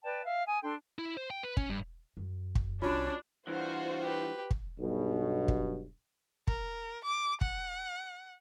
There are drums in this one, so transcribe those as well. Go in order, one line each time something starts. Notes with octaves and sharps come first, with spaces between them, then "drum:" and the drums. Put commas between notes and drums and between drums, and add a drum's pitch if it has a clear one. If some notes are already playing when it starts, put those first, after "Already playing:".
B4 D5 G5 A5
E5 F5
G#5 D#6
D4 A4 G5 C6
E4
C5
G5
B4
C#4, drum: kick
G2
F#2
drum: kick
C2 C#4 D4 F4 F#4
G2 E3 F4 F#4 C5
G4 B4
drum: kick
B1 G2 B2
drum: kick
A#4, drum: kick
D6
F#5, drum: kick